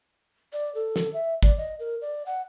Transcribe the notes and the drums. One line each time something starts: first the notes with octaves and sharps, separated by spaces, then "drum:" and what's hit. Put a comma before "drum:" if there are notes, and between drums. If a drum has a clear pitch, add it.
D5
A4
drum: snare
E5
D5, drum: kick
D#5
A#4
D5
F#5